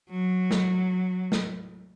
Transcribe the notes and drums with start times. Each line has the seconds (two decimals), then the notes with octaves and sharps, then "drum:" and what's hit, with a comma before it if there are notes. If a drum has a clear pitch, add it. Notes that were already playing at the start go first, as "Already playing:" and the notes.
0.10 F#3
0.51 drum: snare
1.32 drum: snare